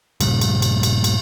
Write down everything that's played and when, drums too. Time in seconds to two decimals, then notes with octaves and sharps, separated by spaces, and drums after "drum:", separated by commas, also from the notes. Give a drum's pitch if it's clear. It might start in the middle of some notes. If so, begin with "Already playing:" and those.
0.21 G2 A#2 C#3 G3, drum: cymbal
0.41 drum: cymbal
0.62 drum: cymbal
0.83 drum: cymbal
1.04 drum: cymbal